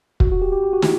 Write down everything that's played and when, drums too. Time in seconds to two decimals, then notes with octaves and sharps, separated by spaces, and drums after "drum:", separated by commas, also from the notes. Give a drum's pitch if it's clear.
0.20 F#4, drum: kick
0.32 F#4
0.42 G4
0.52 G4
0.64 G4
0.73 F#4
0.82 E4, drum: snare